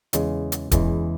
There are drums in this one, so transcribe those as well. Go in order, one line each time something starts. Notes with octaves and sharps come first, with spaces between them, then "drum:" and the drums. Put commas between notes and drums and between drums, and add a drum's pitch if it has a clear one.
E2 C#3 E3 G#3, drum: hi-hat
drum: hi-hat
E2 C#3 E3 G#3, drum: kick D1, hi-hat